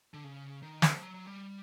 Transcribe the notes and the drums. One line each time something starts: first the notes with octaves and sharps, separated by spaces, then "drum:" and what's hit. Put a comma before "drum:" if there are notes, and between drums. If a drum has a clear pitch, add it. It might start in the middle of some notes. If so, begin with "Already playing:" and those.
D3
C#3
D#3
F3, drum: snare
F#3
F#3
G3